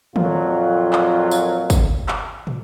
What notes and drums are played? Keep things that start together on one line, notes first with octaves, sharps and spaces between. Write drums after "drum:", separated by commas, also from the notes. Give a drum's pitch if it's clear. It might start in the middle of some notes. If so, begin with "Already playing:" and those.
F2 A#2 F#3 F4, drum: tom D#3
drum: clap
drum: tambourine
drum: kick, tambourine
drum: clap
drum: tom